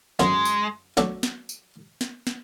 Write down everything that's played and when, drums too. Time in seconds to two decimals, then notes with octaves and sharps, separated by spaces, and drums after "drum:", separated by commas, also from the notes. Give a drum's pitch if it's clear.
0.19 F#2 D3 F#3 G#3, drum: snare
0.45 drum: tambourine
0.97 F#3 A3 D4 F#4 A4, drum: snare
1.23 drum: snare
1.49 drum: tambourine
2.01 drum: snare
2.27 drum: snare